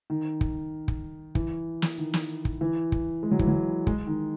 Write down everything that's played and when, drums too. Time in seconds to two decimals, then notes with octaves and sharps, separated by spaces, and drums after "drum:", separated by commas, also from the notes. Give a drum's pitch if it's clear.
0.10 D#3
0.41 drum: kick
0.88 drum: kick
1.35 E3, drum: kick
1.82 drum: snare
1.98 D#3
2.14 drum: snare
2.45 drum: kick
2.61 E3
2.92 drum: kick
3.23 G#3
3.31 F#3
3.39 E3, drum: kick
3.47 F#3
3.87 G#3, drum: kick
4.07 D#3